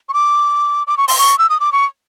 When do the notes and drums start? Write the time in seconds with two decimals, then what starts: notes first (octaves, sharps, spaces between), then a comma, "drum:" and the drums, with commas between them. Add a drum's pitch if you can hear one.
0.09 C#6
0.14 D6
0.87 D6
0.97 C#6
1.08 C6, drum: open hi-hat
1.18 C#6
1.38 E6
1.50 D#6
1.60 D6
1.72 C#6